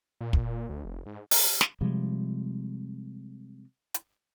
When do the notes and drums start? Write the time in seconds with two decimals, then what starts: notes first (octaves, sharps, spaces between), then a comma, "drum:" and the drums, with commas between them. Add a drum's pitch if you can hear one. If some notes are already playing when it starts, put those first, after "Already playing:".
0.21 A#2
0.33 drum: kick
0.70 D2
0.85 F1
1.06 G#2
1.31 drum: open hi-hat
1.61 drum: snare
1.81 C3 F3 G3 G#3
3.94 drum: hi-hat